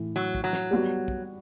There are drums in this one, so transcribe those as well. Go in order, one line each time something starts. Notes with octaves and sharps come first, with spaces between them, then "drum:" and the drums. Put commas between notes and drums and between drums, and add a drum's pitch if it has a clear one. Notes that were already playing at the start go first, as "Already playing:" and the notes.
Already playing: A2 E3
F#3
drum: kick
F#3
drum: snare
G3 B3 F#4
drum: kick